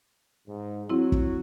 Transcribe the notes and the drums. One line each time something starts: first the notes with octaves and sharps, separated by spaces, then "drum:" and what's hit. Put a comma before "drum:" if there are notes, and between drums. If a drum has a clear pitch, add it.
G#2
F#3 C4 E4 F#4
drum: kick